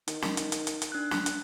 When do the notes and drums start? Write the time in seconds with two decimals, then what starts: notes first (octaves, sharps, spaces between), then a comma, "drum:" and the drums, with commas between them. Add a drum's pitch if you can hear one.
0.08 D#3, drum: hi-hat
0.22 drum: snare
0.37 drum: hi-hat
0.52 drum: hi-hat
0.67 drum: hi-hat
0.82 drum: hi-hat
0.92 D4 F#6
1.11 drum: snare
1.26 drum: hi-hat